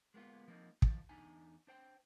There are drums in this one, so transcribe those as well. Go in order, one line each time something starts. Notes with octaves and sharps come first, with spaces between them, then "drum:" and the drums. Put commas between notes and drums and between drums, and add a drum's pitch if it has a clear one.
G#3 A#3 B3 F4
F3 A#3 C4 D#4
D#3 F3, drum: kick
E2 D4 D#4 G#5
D4 C5 G5